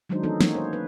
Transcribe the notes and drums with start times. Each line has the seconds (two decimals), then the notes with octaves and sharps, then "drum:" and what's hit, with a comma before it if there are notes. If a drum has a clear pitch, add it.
0.09 D#3 F#3 G#3 D4 D#4 C5
0.23 E3 B3 C#4 D#4 A4
0.41 A#3 C#4 D#4 C#5, drum: snare
0.55 C5 C#5
0.73 B4